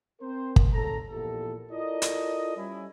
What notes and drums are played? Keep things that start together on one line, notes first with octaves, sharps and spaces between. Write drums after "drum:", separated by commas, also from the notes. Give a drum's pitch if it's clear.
C4 A#4 C5
drum: kick
G1 C#3 A4 A#5
A#1 A#2 E3 B3 G4 A4
E4 F4 A4 A#4 D5 D#5
drum: hi-hat
G3 C#4 E4